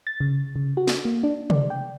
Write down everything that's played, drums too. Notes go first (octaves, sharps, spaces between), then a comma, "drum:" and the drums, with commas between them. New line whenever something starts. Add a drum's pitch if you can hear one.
A6
C#3
C#3
F#4
drum: snare
A#3
D4
D5, drum: tom C3
G5